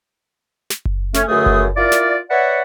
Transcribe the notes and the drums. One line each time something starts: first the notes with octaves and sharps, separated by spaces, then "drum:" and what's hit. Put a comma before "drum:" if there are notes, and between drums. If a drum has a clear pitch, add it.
drum: snare
drum: kick F#1
A3 C#4, drum: snare
C#2 F#2 D3 A3 G#4 D#6
drum: kick F#1
E4 F4 A#4 D5
drum: snare
B4 C#5 D5 E5 F#5